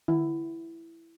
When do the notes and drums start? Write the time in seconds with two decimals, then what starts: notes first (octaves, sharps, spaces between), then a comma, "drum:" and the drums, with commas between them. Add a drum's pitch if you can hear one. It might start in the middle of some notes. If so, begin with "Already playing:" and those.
0.08 E4, drum: tom D3